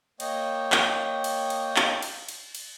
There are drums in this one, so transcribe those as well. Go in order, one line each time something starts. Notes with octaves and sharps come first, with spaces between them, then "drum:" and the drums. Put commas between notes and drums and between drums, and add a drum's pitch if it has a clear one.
A#3 C#5 D#5 G5, drum: cymbal
drum: clap
drum: cymbal
drum: cymbal
drum: clap
drum: cymbal
drum: cymbal
drum: cymbal